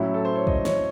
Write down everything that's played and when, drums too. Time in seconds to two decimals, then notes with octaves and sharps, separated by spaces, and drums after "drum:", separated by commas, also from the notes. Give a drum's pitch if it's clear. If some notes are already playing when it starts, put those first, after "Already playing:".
Already playing: A2 F#3 C#4 E4
0.14 A4
0.25 C5
0.35 C#5
0.47 D#5, drum: kick
0.65 C#5, drum: snare